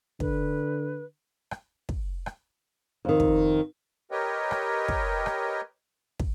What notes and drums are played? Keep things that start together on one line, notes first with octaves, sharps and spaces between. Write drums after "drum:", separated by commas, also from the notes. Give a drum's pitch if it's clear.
D3 B4, drum: kick
drum: rim click
drum: kick
drum: rim click
F2 D#3
drum: kick
G4 A#4 B4 C#5 D#5 G5
drum: rim click
drum: kick
drum: rim click
drum: kick